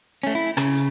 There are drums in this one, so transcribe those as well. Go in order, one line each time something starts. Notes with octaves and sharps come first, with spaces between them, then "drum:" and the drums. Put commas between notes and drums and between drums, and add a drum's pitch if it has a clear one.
A3 C#4
E4
C#3, drum: rim click
drum: hi-hat